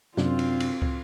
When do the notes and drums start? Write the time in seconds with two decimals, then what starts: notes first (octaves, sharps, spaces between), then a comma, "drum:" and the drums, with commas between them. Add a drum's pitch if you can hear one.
0.17 F#2 C3 C4 D4 F4, drum: snare
0.39 drum: cymbal
0.60 drum: cymbal
0.82 drum: kick